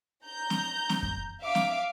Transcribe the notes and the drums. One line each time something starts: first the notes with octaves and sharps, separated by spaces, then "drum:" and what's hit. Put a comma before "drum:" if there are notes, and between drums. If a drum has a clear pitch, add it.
A#5 G6
drum: snare C4
drum: snare C4
drum: kick F#2
E5 F5 D6
drum: snare C4